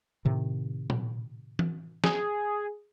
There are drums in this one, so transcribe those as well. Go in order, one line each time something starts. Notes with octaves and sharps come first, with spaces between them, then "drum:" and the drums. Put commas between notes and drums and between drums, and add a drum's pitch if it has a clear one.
A2 C3 D#3
drum: tom A#2
drum: tom E3
G#4, drum: snare